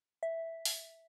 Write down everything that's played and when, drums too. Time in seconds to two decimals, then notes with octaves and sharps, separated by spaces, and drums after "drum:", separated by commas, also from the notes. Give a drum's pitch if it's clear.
0.23 E5
0.65 drum: open hi-hat